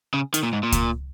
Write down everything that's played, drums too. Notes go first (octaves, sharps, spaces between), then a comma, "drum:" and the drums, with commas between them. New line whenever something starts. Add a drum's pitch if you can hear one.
C#3
D#3, drum: hi-hat
A#2
G#2
A#2
drum: kick C#2, hi-hat